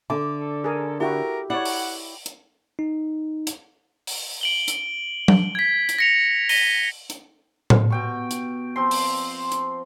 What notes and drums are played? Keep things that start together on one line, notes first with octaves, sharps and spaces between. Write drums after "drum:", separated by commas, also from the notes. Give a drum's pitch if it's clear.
D3 D6
A4
G#4 A#4
E4 F#4 G4 A#4
E4 C#5 D5 F#5
drum: open hi-hat
drum: hi-hat
D#4
drum: hi-hat
drum: open hi-hat
D7 F#7 G7
drum: hi-hat
drum: tom F#3
G#6 B6
drum: hi-hat
A#6 C#7 F7
A#6 B6 D#7 F7 G7, drum: open hi-hat
drum: hi-hat
drum: tom A2
B2 G5 C#6
drum: hi-hat
F3 C4 C6
drum: open hi-hat
drum: hi-hat